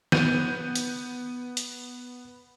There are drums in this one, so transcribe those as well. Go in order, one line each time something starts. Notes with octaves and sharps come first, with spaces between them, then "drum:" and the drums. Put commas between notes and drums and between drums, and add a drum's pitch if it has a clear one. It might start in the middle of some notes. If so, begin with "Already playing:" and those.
B3 G6 D#7, drum: snare
drum: hi-hat
drum: hi-hat